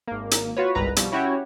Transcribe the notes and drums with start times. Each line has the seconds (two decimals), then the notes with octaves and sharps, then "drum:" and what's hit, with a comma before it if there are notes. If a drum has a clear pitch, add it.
0.08 G#1 A#3
0.31 drum: hi-hat
0.57 F4 F#4 B4 C#5
0.75 G1 C2 G#2 B4 A#5
0.96 B2 F3 G3, drum: hi-hat
1.12 C#4 E4 F#4 G4 C#5